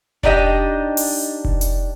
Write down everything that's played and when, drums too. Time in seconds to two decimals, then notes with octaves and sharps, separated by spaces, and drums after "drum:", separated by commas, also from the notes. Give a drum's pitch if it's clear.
0.23 D4 D#4 G4 D#5, drum: kick F1
0.97 drum: open hi-hat
1.45 drum: kick F1
1.61 drum: hi-hat